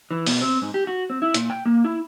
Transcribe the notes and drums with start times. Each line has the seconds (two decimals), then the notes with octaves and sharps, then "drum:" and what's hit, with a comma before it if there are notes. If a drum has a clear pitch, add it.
0.11 E3
0.26 B2, drum: open hi-hat
0.41 C4
0.62 G#2
0.74 G4
0.87 F#4
1.10 C4
1.22 E4
1.34 A#2, drum: hi-hat
1.50 G5
1.66 A#3
1.84 E4